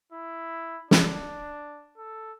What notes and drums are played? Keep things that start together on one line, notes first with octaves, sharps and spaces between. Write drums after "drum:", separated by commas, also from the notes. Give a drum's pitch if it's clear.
E4
D4, drum: snare
A4